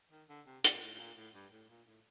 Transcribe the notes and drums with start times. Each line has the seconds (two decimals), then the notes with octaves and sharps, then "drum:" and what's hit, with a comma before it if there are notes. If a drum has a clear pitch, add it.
0.12 D#3
0.29 D3
0.46 C3
0.64 A#2, drum: hi-hat
0.81 A2
0.94 A2
0.99 A#2
1.16 A2
1.34 G2
1.52 A2
1.69 A#2
1.87 A2